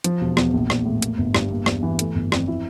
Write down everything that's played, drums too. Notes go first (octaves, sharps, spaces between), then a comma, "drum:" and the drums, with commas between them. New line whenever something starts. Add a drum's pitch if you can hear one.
F3, drum: hi-hat
E1
E2, drum: rim click
A#1
A#1, drum: rim click
A2
A#3, drum: hi-hat
G1
G2, drum: rim click
A#3
E2, drum: rim click
E3
A3, drum: hi-hat
G1
F2, drum: rim click
E4